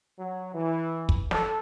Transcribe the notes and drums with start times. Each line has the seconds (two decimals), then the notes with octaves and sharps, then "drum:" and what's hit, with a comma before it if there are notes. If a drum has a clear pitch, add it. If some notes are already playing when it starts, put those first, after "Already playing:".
0.18 F#3
0.54 E3
1.09 drum: kick
1.31 A4, drum: snare